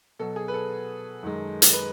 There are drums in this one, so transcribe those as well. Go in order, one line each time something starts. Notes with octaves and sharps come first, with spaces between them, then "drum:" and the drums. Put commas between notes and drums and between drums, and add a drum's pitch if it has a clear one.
B2 F#3 A4
G#4
B4
A4
F#2 D#3 G#3
drum: hi-hat
B4